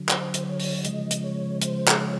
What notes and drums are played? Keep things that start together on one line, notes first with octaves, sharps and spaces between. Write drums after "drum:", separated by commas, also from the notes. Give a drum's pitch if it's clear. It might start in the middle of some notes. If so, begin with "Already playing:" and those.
Already playing: D3 F#3
C5, drum: clap
drum: hi-hat
C#5
drum: open hi-hat
C#3 F3 G#3 D#5, drum: hi-hat
drum: hi-hat
C#5
C5, drum: hi-hat
drum: clap
C#5